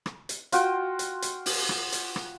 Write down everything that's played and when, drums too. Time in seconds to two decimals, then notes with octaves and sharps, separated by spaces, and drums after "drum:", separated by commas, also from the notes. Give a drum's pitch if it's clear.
0.06 drum: rim click
0.29 drum: hi-hat
0.52 F4 F#4 G5, drum: hi-hat
0.99 drum: hi-hat
1.22 drum: hi-hat
1.46 drum: open hi-hat
1.69 drum: rim click
1.92 drum: hi-hat
2.16 drum: rim click